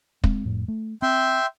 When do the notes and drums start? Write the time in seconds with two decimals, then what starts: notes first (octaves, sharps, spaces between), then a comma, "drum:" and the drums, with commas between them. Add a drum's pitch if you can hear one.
0.24 G#3 C4, drum: kick
0.45 F2 A2
0.68 A3
1.02 C4 E5 G5 C6